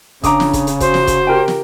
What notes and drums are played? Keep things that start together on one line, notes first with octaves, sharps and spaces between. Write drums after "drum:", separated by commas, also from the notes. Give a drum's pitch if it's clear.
C#3 D4 A#5 D6 D#6, drum: kick, hi-hat
drum: snare
drum: kick, hi-hat
drum: hi-hat
F#4 C5, drum: kick, hi-hat
drum: snare
drum: kick, hi-hat
G4 A#4 G5
drum: snare